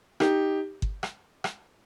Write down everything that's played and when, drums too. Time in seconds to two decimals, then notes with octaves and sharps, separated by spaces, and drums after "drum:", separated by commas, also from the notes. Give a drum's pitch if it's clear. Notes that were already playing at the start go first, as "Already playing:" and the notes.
0.20 D#4 G4, drum: rim click
0.82 drum: kick G1
1.03 drum: rim click
1.44 drum: rim click